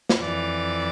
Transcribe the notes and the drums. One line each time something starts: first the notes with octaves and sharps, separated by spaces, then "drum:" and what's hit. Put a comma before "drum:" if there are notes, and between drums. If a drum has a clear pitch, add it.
drum: snare
F2 E3 D5